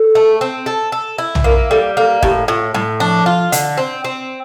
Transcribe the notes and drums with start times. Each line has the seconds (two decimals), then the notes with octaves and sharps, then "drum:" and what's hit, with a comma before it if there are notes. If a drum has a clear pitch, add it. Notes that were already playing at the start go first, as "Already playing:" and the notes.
Already playing: A4
0.15 A3
0.41 C4
0.66 A4
0.92 A4
1.18 E4
1.35 drum: tom B1
1.44 A#3 A#4
1.70 G3 A4
1.97 A#3 A4
2.23 A2 G4, drum: kick
2.48 A2 F4
2.74 A2 G3
3.00 F3 D4
3.26 F4
3.52 D3, drum: hi-hat
3.77 C4
4.05 C4